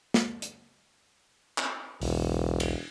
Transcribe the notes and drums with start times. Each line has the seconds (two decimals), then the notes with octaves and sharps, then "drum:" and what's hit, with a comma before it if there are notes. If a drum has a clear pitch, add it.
0.14 drum: snare
0.42 drum: hi-hat
1.58 drum: clap
2.02 E1 B1 E2, drum: open hi-hat
2.60 drum: cymbal